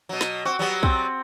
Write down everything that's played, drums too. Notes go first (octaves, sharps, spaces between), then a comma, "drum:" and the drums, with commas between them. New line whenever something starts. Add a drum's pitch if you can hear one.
B2 F#3
drum: snare
C4 F#4
F#3 G3 B3
C4, drum: kick